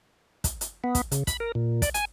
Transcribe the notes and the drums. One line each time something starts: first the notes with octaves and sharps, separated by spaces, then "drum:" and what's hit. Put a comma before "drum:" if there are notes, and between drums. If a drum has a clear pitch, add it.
drum: kick, hi-hat
drum: hi-hat
B3
drum: kick, hi-hat
C#3, drum: hi-hat
B5, drum: kick, hi-hat
A#4
A#2
D5, drum: kick, hi-hat
G#5, drum: hi-hat